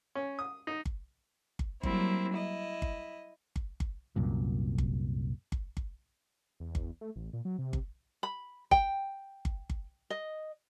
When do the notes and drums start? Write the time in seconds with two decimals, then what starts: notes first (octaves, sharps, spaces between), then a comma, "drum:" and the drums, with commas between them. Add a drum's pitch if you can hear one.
0.15 C#4
0.39 D#6
0.67 D#4
0.86 drum: kick G1
1.59 drum: kick G1
1.83 F#3 G3 A#3 C4 E4, drum: kick G1
2.35 E4 D#5
2.82 drum: kick G1
3.56 drum: kick G1
3.80 drum: kick G1
4.16 C2 F#2 A#2
4.78 drum: kick G1
5.52 drum: kick G1
5.77 drum: kick G1
6.60 E2
6.75 drum: kick G1
7.01 A3
7.16 A1
7.33 A#2
7.45 F#3
7.59 C3
7.73 drum: kick G1
8.23 B5
8.71 G5, drum: kick G1
9.45 drum: kick G1
9.70 drum: kick G1
10.10 D#5